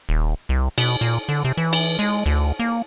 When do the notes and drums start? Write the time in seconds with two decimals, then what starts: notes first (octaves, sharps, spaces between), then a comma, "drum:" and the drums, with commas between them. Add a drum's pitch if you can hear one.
0.09 D#1
0.49 C2
0.78 B2, drum: cymbal
1.01 A#2
1.29 D3
1.45 C3
1.57 E3
1.73 drum: cymbal
1.99 G#3
2.26 D2
2.60 A#3